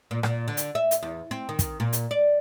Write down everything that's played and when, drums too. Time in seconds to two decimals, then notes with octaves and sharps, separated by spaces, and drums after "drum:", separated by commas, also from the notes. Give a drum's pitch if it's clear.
0.11 A#2
0.23 A#2, drum: rim click
0.48 D3
0.57 drum: hi-hat
0.75 E5
0.91 drum: hi-hat
1.03 E2
1.31 C4
1.49 D#3
1.59 drum: kick, hi-hat
1.80 A#2
1.93 drum: hi-hat
2.11 D5